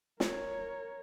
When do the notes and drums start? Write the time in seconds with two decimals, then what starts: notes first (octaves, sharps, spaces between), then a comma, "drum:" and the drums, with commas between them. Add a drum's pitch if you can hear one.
0.20 A#4 C#5, drum: snare